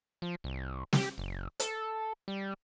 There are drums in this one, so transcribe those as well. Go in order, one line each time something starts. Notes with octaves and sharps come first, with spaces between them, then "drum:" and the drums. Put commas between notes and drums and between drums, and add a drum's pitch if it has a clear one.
F3
C2
G4, drum: snare
F#1
A4, drum: hi-hat
G3